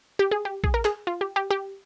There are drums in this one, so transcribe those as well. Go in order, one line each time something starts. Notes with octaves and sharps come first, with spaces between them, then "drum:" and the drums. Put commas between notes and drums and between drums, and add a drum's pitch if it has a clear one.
G4
G#4
G4
G#4, drum: kick
A#4
G#4, drum: clap
F4
G4
G4
G4